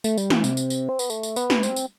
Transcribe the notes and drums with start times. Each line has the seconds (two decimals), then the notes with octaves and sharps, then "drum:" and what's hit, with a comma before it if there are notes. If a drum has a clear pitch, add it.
0.04 A3, drum: tambourine
0.18 G3, drum: tambourine
0.30 E3, drum: snare
0.44 C3, drum: tambourine
0.57 drum: tambourine
0.70 drum: tambourine
0.89 C4
0.99 B3, drum: tambourine
1.10 A3, drum: tambourine
1.23 drum: tambourine
1.36 B3, drum: tambourine
1.50 drum: snare
1.63 C4, drum: tambourine
1.76 drum: tambourine